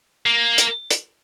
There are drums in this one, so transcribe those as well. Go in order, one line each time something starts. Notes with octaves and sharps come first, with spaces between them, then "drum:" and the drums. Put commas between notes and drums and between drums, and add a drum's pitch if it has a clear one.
A#3
drum: hi-hat
drum: hi-hat